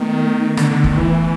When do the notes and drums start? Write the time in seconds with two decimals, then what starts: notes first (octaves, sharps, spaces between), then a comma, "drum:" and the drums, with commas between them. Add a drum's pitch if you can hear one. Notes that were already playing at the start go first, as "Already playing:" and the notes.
Already playing: D#3 A3 B3
0.57 D3, drum: rim click
0.71 D3
0.84 D#3, drum: kick
0.97 E3